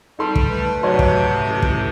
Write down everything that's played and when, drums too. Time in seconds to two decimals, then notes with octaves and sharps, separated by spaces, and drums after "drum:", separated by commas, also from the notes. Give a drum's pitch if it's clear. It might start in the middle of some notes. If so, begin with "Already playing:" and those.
0.19 G3 D#4 A4 C6
0.35 drum: kick
0.49 A3 B4
0.83 G#2 C3 F#3 C#5 D#5 C6
0.99 drum: kick
1.47 A1
1.62 drum: kick